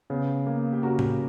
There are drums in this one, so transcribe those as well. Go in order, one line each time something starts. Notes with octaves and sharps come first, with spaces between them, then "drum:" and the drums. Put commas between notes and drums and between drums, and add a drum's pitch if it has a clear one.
C#3 B3
A#3
G4
C#3 F#4 A#4
drum: tom A2